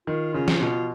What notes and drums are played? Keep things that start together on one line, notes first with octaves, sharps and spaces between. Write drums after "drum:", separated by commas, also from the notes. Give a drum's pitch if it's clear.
D#3 F4
C#3 F4
drum: snare
B2 F4